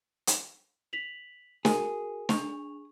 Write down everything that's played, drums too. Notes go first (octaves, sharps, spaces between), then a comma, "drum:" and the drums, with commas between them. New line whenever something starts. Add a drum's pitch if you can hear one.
drum: hi-hat
B6 F7 F#7
F#4 G#4 A#4, drum: snare
D4 C#6 F7, drum: snare